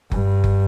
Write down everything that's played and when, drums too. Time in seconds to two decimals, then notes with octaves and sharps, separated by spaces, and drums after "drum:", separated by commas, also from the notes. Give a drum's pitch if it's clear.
0.11 G2, drum: kick F#1
0.44 drum: kick F#1